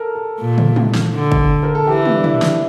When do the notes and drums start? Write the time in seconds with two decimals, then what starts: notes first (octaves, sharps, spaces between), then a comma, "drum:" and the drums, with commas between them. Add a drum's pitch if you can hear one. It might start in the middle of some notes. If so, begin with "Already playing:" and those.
Already playing: A4 A#4
0.15 A4
0.39 A#2
0.58 drum: tom
0.76 drum: tom
0.95 drum: snare
1.13 D3
1.32 drum: kick G1
1.63 A#4
1.75 A4
1.87 E3 G4
2.05 drum: tom
2.16 D4
2.24 E4, drum: tom
2.42 drum: snare